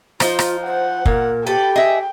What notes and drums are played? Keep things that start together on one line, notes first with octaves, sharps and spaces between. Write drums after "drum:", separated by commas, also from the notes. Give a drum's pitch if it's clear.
F3 D#4 F4, drum: rim click
drum: rim click
C5 F#5
A#2 A#4, drum: kick
G4 A4 B4 G5
G#4 D#5 E5